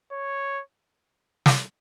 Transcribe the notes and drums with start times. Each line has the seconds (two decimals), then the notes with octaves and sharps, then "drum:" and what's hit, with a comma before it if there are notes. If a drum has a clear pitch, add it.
0.12 C#5
1.46 drum: snare